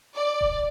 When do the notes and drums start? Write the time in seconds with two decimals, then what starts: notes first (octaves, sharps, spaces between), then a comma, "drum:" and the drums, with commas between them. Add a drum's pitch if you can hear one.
0.15 D5
0.41 drum: kick D#1